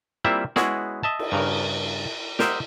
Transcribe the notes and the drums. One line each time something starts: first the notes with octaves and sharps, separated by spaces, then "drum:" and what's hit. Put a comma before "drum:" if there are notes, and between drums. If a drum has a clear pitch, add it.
G3 A#3 C4 E4 F4 E5
G#3 B3 C#4 E4 F#4 G#4, drum: snare
D#5 E5 A5
drum: cymbal
G2 C#3 A#4
G4 A#4 C5 D#5 E5 F#5, drum: snare